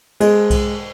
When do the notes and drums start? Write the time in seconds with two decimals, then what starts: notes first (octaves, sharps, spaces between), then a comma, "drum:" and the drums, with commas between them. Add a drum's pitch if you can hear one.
0.20 G#3, drum: cymbal
0.50 drum: kick B1, cymbal